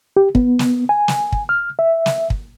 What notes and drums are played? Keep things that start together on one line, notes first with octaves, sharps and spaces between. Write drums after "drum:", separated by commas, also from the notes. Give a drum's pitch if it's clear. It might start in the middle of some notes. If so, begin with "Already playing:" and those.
G4
B3, drum: kick
drum: snare
G#5
drum: snare
drum: kick
F6
E5
drum: snare
drum: kick